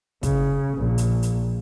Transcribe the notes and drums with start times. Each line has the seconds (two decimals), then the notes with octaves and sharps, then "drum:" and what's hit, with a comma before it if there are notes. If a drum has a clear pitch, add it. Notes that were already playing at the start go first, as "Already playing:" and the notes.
0.23 C#3, drum: kick, hi-hat
0.78 A#1
0.98 drum: hi-hat
1.23 drum: hi-hat